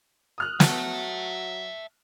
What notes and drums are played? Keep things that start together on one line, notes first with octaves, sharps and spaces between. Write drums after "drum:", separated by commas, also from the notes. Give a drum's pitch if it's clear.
D#6 F6 F#6
F#3 E5 A5, drum: snare